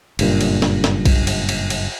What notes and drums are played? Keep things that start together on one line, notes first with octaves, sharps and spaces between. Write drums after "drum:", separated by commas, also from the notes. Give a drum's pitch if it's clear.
F#1 G2 A#2, drum: cymbal
drum: cymbal
drum: snare
drum: snare
drum: kick B1, cymbal
drum: cymbal
drum: cymbal
drum: cymbal